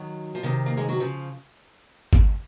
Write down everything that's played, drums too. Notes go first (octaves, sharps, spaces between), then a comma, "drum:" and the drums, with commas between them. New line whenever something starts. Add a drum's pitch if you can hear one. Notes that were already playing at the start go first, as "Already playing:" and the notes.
Already playing: D#3 F#3
F3
C3 D#3
A#3
G#3
F#3
C#3 F3
drum: kick G#1